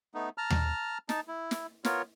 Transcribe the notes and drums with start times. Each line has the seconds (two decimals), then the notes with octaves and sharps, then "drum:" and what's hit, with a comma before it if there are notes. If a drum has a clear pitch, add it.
0.14 A3 B3 D#4
0.38 A5 A#5 F6
0.50 drum: tom D#2
1.09 D#4 A5, drum: snare
1.28 E4
1.51 drum: snare
1.85 B3 F4 A#4 C#5, drum: snare